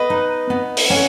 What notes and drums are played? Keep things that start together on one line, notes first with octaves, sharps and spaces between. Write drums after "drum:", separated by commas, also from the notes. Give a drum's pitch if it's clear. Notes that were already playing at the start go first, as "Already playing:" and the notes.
Already playing: B3 B4 D#5
D#4
B3
drum: open hi-hat
C#4 C#5 F#5